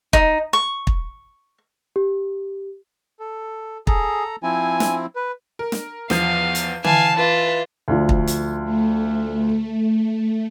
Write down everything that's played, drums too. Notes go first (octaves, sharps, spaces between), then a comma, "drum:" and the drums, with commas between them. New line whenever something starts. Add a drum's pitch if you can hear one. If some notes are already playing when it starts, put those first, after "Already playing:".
D#4, drum: kick
C#6
drum: kick
G4
A4
G#4 A4 A#5, drum: kick
F3 C4 E4 G#5
drum: snare
B4
A#4
drum: snare
E2 F3 F5, drum: snare
drum: hi-hat
E3 F5 G#5 A5, drum: tom D3
F4 B4 A5
D2 D3 F3
drum: kick
drum: hi-hat
A3